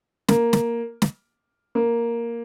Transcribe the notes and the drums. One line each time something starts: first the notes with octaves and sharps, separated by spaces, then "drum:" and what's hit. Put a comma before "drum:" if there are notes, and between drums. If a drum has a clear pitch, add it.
A#3, drum: snare
drum: snare
drum: snare
A#3